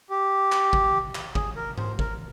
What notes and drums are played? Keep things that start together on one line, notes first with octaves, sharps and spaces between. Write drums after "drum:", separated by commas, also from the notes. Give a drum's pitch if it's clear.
G4
drum: clap
drum: kick G#1
drum: clap
G#4, drum: kick G#1
A#4
C5, drum: tom G#2
A#4, drum: kick G#1